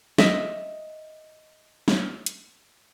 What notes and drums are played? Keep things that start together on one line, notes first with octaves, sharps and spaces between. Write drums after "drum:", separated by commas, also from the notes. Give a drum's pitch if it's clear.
D#5 E5, drum: snare
drum: snare
drum: hi-hat